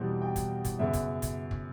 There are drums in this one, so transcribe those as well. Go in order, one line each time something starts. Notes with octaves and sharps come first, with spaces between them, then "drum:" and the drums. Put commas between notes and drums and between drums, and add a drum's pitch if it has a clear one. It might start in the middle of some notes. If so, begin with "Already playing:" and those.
Already playing: E2 B2 G3 C4
G5
drum: kick, hi-hat
drum: kick, hi-hat
F#2 C#3 F#3 B3 E5
drum: kick, hi-hat
drum: kick, hi-hat
drum: kick